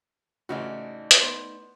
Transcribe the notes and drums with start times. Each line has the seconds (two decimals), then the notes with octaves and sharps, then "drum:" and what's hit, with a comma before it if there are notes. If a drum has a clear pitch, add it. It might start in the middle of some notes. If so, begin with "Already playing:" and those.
0.49 A1 C#3 A3 D#4 F#4 D5
1.11 drum: hi-hat
1.20 B3 C5